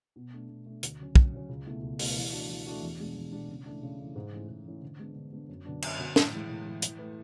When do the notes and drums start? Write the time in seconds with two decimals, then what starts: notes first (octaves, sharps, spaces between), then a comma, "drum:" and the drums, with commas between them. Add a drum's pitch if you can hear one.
0.16 B2
0.33 A3 D4
0.49 B2
0.66 A3 D4
0.83 D2, drum: hi-hat
0.99 C#3 F#3 C#4
1.15 D2, drum: kick
1.33 C#3 F#3 C#4
1.49 C#2
1.66 B2 A3 E4
1.82 C#2
1.99 B2 A3 E4, drum: open hi-hat
2.16 E3
2.33 A3 D4 F#4
2.49 E3
2.66 A3 D4 F#4
2.83 E2
2.99 B2 G#3 D4
3.16 E2
3.32 B2 G#3 D4
3.49 C#3
3.66 E3 A3 D4
3.83 C#3
3.99 E3 A3 D4
4.16 G#2
4.32 E3 A3 C#4 E4
4.49 G#2
4.66 E3 A3 C#4 E4
4.83 D3
4.99 G#3 B3 D4
5.16 D3
5.33 G#3 B3 D4
5.49 F#2
5.65 D3 F#3 B3 D4
5.82 F#2, drum: cymbal
5.99 D3 F#3 B3 D4
6.16 A2, drum: snare
6.33 E3 G#3
6.49 A2
6.66 E3 G#3
6.82 E3, drum: hi-hat
6.99 A3 E4 B4